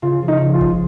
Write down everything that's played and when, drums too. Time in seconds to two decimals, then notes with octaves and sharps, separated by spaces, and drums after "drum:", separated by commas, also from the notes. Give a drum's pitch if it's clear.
0.02 C#3 F4
0.22 F3
0.28 D#4
0.42 C#3
0.54 F4
0.61 G#3, drum: kick G1